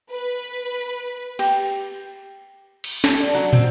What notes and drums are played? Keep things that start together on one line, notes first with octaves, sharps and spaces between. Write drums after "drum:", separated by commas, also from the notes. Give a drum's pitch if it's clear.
B4
G4, drum: cymbal
drum: cymbal
A4, drum: snare
D4
F#3
C4, drum: tom